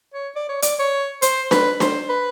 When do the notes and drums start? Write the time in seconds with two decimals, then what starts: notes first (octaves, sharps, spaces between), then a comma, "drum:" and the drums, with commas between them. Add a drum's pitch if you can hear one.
0.13 C#5
0.36 D5
0.49 C#5
0.62 D5, drum: hi-hat
0.79 C#5
1.22 C5, drum: hi-hat
1.51 B4, drum: snare D4
1.80 C5, drum: snare D4
2.09 B4